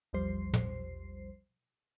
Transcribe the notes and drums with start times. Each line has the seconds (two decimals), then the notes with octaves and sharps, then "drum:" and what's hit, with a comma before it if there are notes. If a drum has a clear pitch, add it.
0.13 A#1 E2 F3 G3 C5 C7
0.54 drum: tom